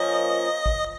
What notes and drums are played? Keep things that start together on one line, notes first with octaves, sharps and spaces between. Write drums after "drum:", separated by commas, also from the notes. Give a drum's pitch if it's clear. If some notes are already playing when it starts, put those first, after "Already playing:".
Already playing: F3 A#3 C#4 D#5
drum: kick A1